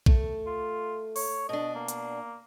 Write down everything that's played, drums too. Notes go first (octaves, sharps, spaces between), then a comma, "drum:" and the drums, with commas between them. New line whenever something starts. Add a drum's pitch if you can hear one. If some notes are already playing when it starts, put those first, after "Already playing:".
A3, drum: kick A#1
F4
C#5, drum: open hi-hat
B2 D4 D#5
A#3
drum: hi-hat